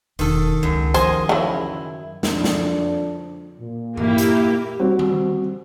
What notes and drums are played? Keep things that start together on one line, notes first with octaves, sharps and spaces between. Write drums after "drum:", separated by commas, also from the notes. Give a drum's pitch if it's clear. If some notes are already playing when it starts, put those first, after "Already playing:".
E1 D#3 A4, drum: open hi-hat
C#2 F#2
F3 B3 C5 D#5 G#5, drum: hi-hat
C#3 E3 E4
F2 D4, drum: snare
drum: snare
A#2
A#3 E4 G4, drum: tom G2
drum: hi-hat
G3 C4 F#4
drum: tom D#3